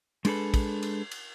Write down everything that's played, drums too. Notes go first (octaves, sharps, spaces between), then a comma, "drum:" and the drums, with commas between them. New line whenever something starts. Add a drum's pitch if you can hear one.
G#3 D4 G#4 A4 B4, drum: cymbal
drum: kick, cymbal
drum: cymbal
drum: cymbal